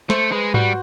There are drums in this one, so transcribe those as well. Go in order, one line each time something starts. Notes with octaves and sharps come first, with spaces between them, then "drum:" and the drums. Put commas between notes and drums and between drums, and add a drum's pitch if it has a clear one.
A3 C5, drum: snare
G#3 B4
G3 F#4, drum: tom G#2